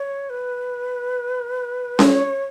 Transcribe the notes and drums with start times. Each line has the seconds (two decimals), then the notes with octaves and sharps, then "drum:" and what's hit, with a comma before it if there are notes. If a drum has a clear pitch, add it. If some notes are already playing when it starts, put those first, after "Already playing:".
Already playing: C#5
0.30 B4
1.99 C#5, drum: snare C#4